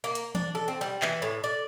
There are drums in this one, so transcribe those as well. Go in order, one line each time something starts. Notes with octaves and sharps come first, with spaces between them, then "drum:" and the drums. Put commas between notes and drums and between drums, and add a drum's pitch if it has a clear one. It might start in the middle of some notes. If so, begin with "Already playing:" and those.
A#3
drum: hi-hat
D4, drum: tom E3
A4
C4
G3
E3, drum: clap
A2
D5